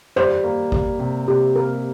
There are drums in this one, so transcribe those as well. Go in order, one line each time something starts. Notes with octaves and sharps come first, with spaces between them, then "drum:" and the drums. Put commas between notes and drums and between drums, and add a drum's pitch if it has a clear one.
G3 C5, drum: tom
A#3
G3, drum: kick G#1
C3
C3 G4
A#3 A#4